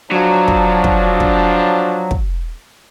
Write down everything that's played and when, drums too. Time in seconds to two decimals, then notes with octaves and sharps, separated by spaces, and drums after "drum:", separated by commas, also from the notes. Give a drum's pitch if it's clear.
0.12 F3 F#3 D4
0.48 drum: kick
0.84 drum: kick
1.20 drum: kick
2.11 drum: kick